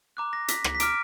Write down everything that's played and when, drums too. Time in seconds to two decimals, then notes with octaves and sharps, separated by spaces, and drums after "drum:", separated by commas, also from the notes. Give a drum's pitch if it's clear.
0.17 A#5 D6 F#6
0.33 A#6
0.48 B6, drum: hi-hat
0.64 drum: rim click
0.75 B6
0.80 A#5 D6 F6 D7, drum: hi-hat